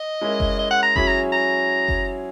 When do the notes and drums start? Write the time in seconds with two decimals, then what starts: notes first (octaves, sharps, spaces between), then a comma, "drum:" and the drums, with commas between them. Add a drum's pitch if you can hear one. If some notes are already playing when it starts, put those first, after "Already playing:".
Already playing: D#5
0.21 G#3 C#4 E4 A#4
0.40 drum: kick F#1
0.59 D#5
0.71 F#5
0.83 A#5
0.96 F#3 C#4 E4 G#4 B5, drum: kick F#1
1.07 A#5
1.32 A#5
1.88 drum: kick F#1